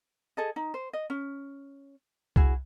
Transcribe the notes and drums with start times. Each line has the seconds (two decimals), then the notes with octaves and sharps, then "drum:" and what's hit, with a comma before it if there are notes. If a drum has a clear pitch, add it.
0.37 G#4 A4 D#5
0.56 D#4
0.74 C5
0.93 D#5
1.10 C#4
2.36 E4 F#4 G#4, drum: kick C2